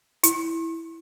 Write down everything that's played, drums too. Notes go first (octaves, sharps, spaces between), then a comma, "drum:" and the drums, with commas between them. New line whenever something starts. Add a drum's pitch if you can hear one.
E4, drum: hi-hat